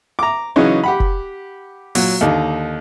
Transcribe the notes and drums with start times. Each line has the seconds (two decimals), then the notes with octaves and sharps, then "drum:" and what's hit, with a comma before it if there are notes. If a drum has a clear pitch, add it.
0.19 A#5 D6
0.56 C#3 E3 F#3 C#4 D#4
0.84 G4 F#5 B5
1.00 drum: kick F1
1.95 A#2 F#3, drum: open hi-hat
2.21 D#2 D3 D#4